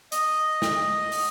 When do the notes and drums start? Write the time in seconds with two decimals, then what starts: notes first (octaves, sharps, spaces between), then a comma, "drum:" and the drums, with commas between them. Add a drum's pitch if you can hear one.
0.12 D#5, drum: hi-hat
0.62 drum: snare
1.12 drum: open hi-hat